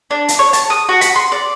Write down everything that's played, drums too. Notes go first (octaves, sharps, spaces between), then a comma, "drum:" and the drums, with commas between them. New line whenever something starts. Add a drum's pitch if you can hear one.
D4
drum: hi-hat
C#5
A5, drum: hi-hat
D#6
F#4
B5, drum: hi-hat
C6
D5